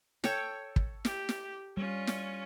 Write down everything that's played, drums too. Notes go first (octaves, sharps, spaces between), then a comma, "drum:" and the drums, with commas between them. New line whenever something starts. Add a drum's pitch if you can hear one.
A4 C#5 G5, drum: snare
drum: kick
G4, drum: snare
drum: snare
G3 C#4 F4
drum: snare